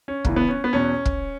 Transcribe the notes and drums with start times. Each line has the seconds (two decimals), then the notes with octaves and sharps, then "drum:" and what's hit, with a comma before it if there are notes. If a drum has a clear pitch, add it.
0.08 C#4
0.25 E2 C#3 E3, drum: kick
0.36 B3
0.49 C#4
0.64 B3
0.73 E2 B2 C#4
1.05 drum: kick